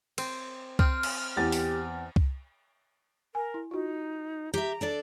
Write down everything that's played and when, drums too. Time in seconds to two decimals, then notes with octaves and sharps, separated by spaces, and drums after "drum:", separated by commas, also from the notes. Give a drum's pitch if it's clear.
0.18 C4, drum: cymbal
0.79 C4 F6, drum: kick C2
1.03 drum: cymbal
1.37 E2 G4 A6
1.52 drum: open hi-hat
2.16 drum: kick C2
3.35 A#4 G#5
3.54 E4
3.71 D#4 F4 F#4
4.54 G4 E5 A#5
4.81 D4 A4 D5